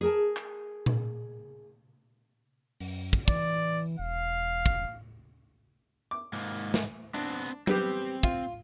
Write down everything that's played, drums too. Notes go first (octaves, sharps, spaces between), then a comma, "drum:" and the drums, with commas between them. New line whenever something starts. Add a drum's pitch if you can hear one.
G#4 A#4 A5
drum: clap
drum: tom A#2
F#2, drum: open hi-hat
drum: kick
E3 D5, drum: kick
E1 F5
drum: kick
D6
G#2 A#3
drum: snare
B3 C4 D4
G3 B3 C4 G4, drum: tom F#3
F4, drum: kick